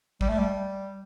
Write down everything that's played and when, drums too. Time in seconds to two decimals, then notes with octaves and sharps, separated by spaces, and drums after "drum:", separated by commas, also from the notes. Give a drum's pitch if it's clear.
0.21 G3, drum: kick
0.29 A3
0.39 G3